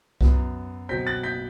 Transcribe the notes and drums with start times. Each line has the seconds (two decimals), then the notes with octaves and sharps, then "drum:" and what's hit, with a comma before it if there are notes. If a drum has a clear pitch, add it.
0.21 F#2 F#3 B3, drum: kick C2
0.89 B2 F#3 C4 G6 B6
1.07 F#6 A6
1.23 G6 B6